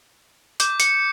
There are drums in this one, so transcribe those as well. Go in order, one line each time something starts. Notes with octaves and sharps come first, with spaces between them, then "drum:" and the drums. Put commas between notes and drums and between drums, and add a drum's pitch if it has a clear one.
D6 G6, drum: hi-hat
C#7, drum: hi-hat